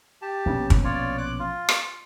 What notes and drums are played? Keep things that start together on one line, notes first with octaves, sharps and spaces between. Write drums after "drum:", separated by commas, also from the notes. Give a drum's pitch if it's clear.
G4 A5
A#1 B2 C#4
drum: kick
F4 C#5 D5
D6 F#6
F4
drum: rim click